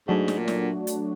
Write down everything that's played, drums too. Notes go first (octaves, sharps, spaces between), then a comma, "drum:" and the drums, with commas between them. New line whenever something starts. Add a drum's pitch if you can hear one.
G#2 F#3 A3 D4 F#4
drum: snare
A#2
drum: snare
drum: hi-hat